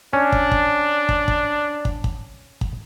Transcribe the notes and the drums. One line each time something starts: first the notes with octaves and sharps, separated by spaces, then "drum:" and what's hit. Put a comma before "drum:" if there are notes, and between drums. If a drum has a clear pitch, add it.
C#4 D4
drum: kick
drum: kick
drum: kick
drum: kick
drum: kick
drum: kick
drum: kick